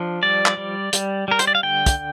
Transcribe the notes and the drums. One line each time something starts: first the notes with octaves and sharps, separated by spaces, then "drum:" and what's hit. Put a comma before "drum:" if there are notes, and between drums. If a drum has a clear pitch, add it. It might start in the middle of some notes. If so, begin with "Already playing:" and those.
Already playing: F3 D4
G3 D5
drum: clap
G3
G3, drum: hi-hat
G3 A#4
C5, drum: hi-hat
D5
F5
D3 G5
drum: kick, hi-hat